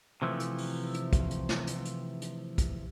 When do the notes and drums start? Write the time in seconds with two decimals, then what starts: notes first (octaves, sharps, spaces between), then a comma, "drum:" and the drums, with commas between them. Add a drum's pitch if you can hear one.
0.22 C3 E3 F3 A3
0.40 drum: hi-hat
0.58 drum: open hi-hat
0.94 drum: hi-hat
1.13 drum: kick, hi-hat
1.31 drum: hi-hat
1.49 drum: snare
1.67 drum: hi-hat
1.85 drum: hi-hat
2.22 drum: hi-hat
2.58 drum: kick, hi-hat